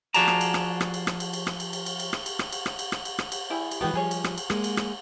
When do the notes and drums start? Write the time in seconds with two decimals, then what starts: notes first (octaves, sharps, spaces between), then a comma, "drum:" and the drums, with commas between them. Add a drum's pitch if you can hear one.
0.14 F3 F#4 G#4 D5 A5 A#5, drum: cymbal
0.28 drum: rim click
0.41 drum: cymbal
0.54 drum: rim click
0.81 drum: rim click
0.94 drum: cymbal
1.07 drum: rim click
1.20 drum: cymbal
1.33 drum: cymbal
1.47 drum: rim click
1.60 drum: cymbal
1.73 drum: cymbal
1.86 drum: cymbal
2.00 drum: cymbal
2.13 drum: rim click
2.26 drum: cymbal
2.39 drum: rim click
2.52 drum: cymbal
2.66 drum: rim click
2.79 drum: cymbal
2.92 drum: rim click
3.05 drum: cymbal
3.19 drum: rim click
3.32 drum: cymbal
3.50 G3 E4 G#4
3.71 drum: cymbal
3.81 E3 G#3 B3 F#4 G5
3.94 B2 F3 G3 G#4 C#5
4.11 drum: cymbal
4.24 drum: rim click
4.38 drum: cymbal
4.50 G#3 A#3, drum: rim click
4.64 drum: cymbal
4.77 drum: rim click